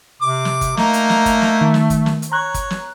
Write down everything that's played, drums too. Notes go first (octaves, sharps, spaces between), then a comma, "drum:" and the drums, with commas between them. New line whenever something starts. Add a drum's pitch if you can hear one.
C3 D6
drum: snare
drum: kick G1, hi-hat
A3 A#3 D#4, drum: snare
drum: hi-hat
drum: snare
drum: kick G1, hi-hat
drum: snare
D#3
drum: snare
drum: kick G1, hi-hat
drum: snare
drum: hi-hat
C#5 A#5 F#6
drum: kick G1, hi-hat
drum: snare